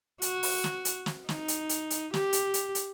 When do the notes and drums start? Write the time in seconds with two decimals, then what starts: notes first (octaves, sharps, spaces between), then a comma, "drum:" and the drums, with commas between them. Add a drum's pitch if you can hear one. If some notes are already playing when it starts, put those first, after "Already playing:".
0.22 F#4, drum: hi-hat
0.43 drum: open hi-hat
0.64 drum: snare
0.85 drum: hi-hat
1.06 drum: snare
1.29 D#4, drum: snare
1.48 drum: hi-hat
1.69 drum: hi-hat
1.90 drum: hi-hat
2.14 G4, drum: snare
2.33 drum: hi-hat
2.54 drum: hi-hat
2.75 drum: hi-hat